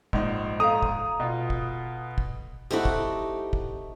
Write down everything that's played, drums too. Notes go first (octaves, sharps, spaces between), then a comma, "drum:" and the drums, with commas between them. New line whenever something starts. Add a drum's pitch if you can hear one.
A#1 G#2 D#4, drum: kick
A4 F5 A#5 D#6
drum: kick
B2 F4
drum: kick
drum: kick
A3 C4 D#4 E4 F#4 G4
drum: kick
drum: kick